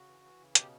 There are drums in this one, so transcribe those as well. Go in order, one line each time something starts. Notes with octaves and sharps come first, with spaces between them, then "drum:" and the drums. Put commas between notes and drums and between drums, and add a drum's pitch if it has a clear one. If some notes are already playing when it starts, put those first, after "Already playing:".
Already playing: C#3 F#4
E3
E3
C#3
B2 G4, drum: hi-hat